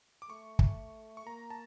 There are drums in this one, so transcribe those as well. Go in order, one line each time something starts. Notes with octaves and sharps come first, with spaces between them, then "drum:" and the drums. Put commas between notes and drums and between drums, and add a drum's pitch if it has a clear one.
D6
A3 C#6
drum: kick
C#6
A#3 A#5
A5